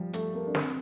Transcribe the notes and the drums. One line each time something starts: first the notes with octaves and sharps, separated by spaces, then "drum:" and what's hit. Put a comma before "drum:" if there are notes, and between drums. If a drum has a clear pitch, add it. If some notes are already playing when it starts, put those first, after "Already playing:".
Already playing: F3 G3
A3, drum: hi-hat
A#3
D4
C4, drum: snare